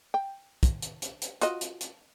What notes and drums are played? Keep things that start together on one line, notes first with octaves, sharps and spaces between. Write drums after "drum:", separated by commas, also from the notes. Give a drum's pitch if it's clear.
G5
drum: kick, hi-hat
drum: hi-hat
drum: hi-hat
drum: hi-hat
F4 F#4 D#5, drum: hi-hat
drum: hi-hat
drum: hi-hat